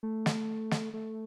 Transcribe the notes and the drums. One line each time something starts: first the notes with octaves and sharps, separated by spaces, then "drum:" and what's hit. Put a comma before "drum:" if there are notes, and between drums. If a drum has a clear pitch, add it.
A3
drum: snare
drum: snare
A3